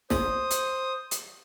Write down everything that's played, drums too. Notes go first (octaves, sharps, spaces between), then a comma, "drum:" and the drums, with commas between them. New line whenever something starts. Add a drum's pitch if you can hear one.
C5 D#6, drum: snare
drum: hi-hat
drum: hi-hat